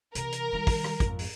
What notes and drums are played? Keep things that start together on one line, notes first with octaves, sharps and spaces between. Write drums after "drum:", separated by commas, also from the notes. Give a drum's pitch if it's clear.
C3 E3 A#4, drum: hi-hat
drum: hi-hat
D#3 G3
drum: kick, open hi-hat
drum: rim click
G#1 F2, drum: kick, hi-hat
drum: open hi-hat